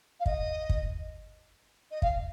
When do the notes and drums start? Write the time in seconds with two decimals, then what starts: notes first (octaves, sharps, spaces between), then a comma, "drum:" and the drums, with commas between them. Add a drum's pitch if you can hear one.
0.20 F5
0.26 D#5, drum: kick
0.69 drum: kick
1.91 D#5
2.02 F5, drum: kick